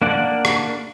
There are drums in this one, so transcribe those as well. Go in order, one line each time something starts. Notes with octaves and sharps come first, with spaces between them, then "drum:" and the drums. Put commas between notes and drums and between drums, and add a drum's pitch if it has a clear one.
A#3 D4 D5 F#5
drum: rim click